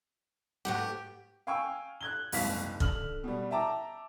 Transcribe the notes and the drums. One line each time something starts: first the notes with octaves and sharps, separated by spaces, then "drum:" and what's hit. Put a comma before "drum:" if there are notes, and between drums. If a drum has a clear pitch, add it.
G#2 A3 B3 F#4 G4 F#5
F5 G5 G#5 C#6 E6
F#6 G#6 G7
F#1 C2 G#2 F5 B6, drum: open hi-hat
D3 F6 F#7, drum: kick
B2 G3
E5 G5 A5 A#5 D6